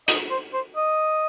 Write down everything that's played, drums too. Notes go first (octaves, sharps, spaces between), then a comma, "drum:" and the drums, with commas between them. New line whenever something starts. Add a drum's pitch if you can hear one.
D#5, drum: hi-hat
C5
C5
D#5